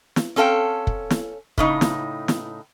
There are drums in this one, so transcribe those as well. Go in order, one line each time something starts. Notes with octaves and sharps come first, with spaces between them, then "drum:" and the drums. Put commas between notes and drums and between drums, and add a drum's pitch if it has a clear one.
drum: snare
C4 C#4 A4 F5 G5
drum: kick
drum: snare
A2 C#3 D#4, drum: kick
drum: snare
drum: snare